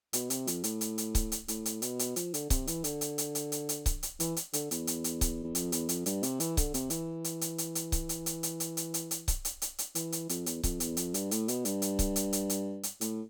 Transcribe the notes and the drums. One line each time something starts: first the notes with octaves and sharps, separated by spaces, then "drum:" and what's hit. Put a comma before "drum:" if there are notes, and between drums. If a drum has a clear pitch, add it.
B2, drum: hi-hat
C3, drum: hi-hat
F2, drum: hi-hat
A2, drum: hi-hat
drum: hi-hat
drum: hi-hat
drum: kick C#1, hi-hat
drum: hi-hat
A2, drum: hi-hat
drum: hi-hat
B2, drum: hi-hat
drum: hi-hat
F3, drum: hi-hat
D3, drum: hi-hat
C3, drum: kick C#1, hi-hat
E3, drum: hi-hat
D3, drum: hi-hat
drum: hi-hat
drum: hi-hat
drum: hi-hat
drum: hi-hat
drum: hi-hat
drum: kick C#1, hi-hat
drum: hi-hat
E3, drum: hi-hat
drum: hi-hat
D3, drum: hi-hat
E2, drum: hi-hat
drum: hi-hat
drum: hi-hat
drum: kick C#1, hi-hat
E2
F2, drum: hi-hat
E2, drum: hi-hat
F2, drum: hi-hat
G2, drum: hi-hat
C3, drum: hi-hat
E3, drum: hi-hat
D3, drum: kick C#1, hi-hat
C3, drum: hi-hat
E3, drum: hi-hat
drum: hi-hat
drum: hi-hat
drum: hi-hat
drum: hi-hat
drum: kick C#1, hi-hat
drum: hi-hat
drum: hi-hat
drum: hi-hat
drum: hi-hat
drum: hi-hat
drum: hi-hat
drum: hi-hat
drum: kick C#1, hi-hat
drum: hi-hat
drum: hi-hat
drum: hi-hat
E3, drum: hi-hat
drum: hi-hat
F2, drum: hi-hat
E2, drum: hi-hat
F2, drum: kick C#1, hi-hat
E2, drum: hi-hat
F2, drum: hi-hat
G2, drum: hi-hat
A2, drum: hi-hat
B2, drum: hi-hat
G2, drum: hi-hat
drum: hi-hat
drum: kick C#1, hi-hat
drum: hi-hat
drum: hi-hat
drum: hi-hat
drum: hi-hat
A2, drum: hi-hat